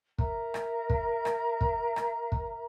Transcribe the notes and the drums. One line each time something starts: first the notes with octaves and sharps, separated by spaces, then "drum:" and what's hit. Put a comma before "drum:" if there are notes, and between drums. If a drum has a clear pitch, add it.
A#4 E5 A#5, drum: kick
drum: rim click
drum: kick
drum: rim click
drum: kick
drum: rim click
drum: kick